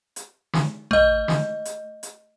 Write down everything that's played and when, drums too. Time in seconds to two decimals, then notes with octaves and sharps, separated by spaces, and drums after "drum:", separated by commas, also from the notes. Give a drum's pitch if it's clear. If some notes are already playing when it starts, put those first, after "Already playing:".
0.16 drum: hi-hat
0.53 drum: snare
0.91 A3 D#5, drum: tom
1.28 drum: snare
1.65 drum: hi-hat
2.03 drum: hi-hat